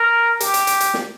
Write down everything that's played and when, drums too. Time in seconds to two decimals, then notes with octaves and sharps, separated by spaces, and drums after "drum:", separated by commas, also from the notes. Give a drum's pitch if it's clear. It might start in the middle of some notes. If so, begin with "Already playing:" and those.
Already playing: A#4
0.40 G4, drum: hi-hat
0.54 drum: hi-hat
0.67 drum: hi-hat
0.80 drum: hi-hat
0.94 drum: snare